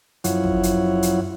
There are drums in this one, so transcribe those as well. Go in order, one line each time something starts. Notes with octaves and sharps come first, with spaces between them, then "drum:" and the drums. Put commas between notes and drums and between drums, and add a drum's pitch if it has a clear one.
F#2 F3 E4 C#5 F#5, drum: hi-hat
drum: kick
drum: hi-hat
drum: hi-hat